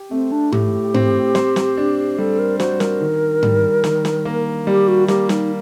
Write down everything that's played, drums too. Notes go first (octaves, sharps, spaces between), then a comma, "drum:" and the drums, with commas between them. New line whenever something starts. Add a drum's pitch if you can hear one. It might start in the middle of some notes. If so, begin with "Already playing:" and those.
Already playing: G4
A3 C4
D4
A2 G4, drum: tom G#2
C4, drum: tom G#2
C5, drum: snare
drum: snare
D4
G3 A4
A#4
F#4 C5, drum: snare
A#4, drum: snare
D#3
G3, drum: tom G#2
D#3, drum: snare
drum: snare
A#3
G3 G4
F#4
A#3 G4, drum: snare
D#4, drum: snare